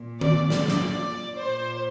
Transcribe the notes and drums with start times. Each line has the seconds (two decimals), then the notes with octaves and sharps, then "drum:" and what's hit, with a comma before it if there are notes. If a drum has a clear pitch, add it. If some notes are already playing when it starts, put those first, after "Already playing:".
Already playing: A#2
0.21 D5, drum: tom D#3
0.50 D5, drum: snare
0.68 drum: snare
1.38 A#2 C5